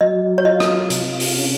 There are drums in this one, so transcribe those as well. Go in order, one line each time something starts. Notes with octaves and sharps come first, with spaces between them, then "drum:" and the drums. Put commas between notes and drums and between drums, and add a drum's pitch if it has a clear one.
F#3 D#5
C#5
F4 D#5
drum: rim click
C3, drum: hi-hat
drum: open hi-hat
C#4